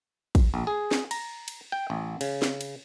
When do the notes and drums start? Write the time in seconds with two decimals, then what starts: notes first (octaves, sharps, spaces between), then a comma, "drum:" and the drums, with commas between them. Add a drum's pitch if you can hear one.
0.35 drum: kick, cymbal
0.54 A#1
0.67 G#4
0.91 drum: snare
1.11 A#5, drum: cymbal
1.48 drum: cymbal
1.72 G5
1.90 A1
2.21 C#3, drum: cymbal
2.42 drum: snare
2.61 drum: cymbal